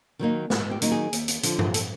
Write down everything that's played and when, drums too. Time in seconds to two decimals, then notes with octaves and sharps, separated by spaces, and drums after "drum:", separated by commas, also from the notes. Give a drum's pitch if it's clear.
0.19 D#3 F#3 A#3 D#4
0.50 G#2 F#4, drum: snare
0.71 G4
0.82 D#3 F#3 A#3 D#4, drum: hi-hat
0.92 G#4
1.13 D#2, drum: hi-hat
1.28 drum: hi-hat
1.43 D3 F3, drum: hi-hat
1.59 drum: tom G2
1.74 A4, drum: hi-hat